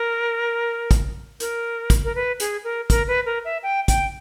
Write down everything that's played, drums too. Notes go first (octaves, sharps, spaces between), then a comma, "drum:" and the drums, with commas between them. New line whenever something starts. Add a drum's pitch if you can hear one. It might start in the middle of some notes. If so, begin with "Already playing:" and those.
Already playing: A#4
drum: kick, hi-hat
A#4, drum: hi-hat
drum: kick, hi-hat
A#4
B4
G#4, drum: hi-hat
A#4
A#4, drum: kick, hi-hat
B4
A#4
E5
G5
G5, drum: kick, hi-hat